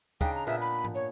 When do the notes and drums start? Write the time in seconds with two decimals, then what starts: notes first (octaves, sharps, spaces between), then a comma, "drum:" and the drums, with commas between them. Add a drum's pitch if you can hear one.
0.21 C#3 D4 D#4 G5, drum: kick D2
0.35 A#5
0.47 A#2 B3 E5
0.61 B5
0.84 drum: tom G#2
0.95 C#5